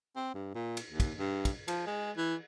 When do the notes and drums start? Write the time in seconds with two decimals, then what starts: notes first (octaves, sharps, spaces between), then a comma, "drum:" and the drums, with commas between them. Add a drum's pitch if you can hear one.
0.16 C4
0.35 G2
0.55 A#2
0.77 drum: cymbal
0.90 D#2
1.00 drum: kick, cymbal
1.19 G2
1.45 drum: kick, cymbal
1.68 F3, drum: cymbal
1.87 G#3
2.17 E3